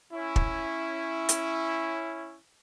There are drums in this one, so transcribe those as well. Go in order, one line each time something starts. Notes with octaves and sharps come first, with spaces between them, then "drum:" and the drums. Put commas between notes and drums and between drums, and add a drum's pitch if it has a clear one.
C#4 E4
drum: kick
drum: hi-hat